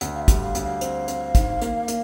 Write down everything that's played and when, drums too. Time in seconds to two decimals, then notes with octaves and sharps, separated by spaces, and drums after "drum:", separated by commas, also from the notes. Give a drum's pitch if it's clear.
0.01 D2, drum: hi-hat
0.15 F5
0.22 E5
0.28 G3, drum: kick, hi-hat
0.41 F5
0.55 D2, drum: hi-hat
0.62 F5
0.81 C4, drum: hi-hat
1.08 C4, drum: hi-hat
1.35 D#3, drum: kick, hi-hat
1.61 A#3, drum: hi-hat
1.88 A#3, drum: hi-hat